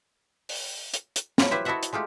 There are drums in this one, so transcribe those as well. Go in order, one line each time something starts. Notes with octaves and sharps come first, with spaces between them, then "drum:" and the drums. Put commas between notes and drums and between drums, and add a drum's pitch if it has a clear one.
drum: open hi-hat
drum: hi-hat
drum: hi-hat
F3 F#3 E4 F4 A#5, drum: snare
E4 G4 B4 C5 E5
E4 F#4 A4 D#5 E5 F#5
drum: hi-hat
G#3 A3 F4 G4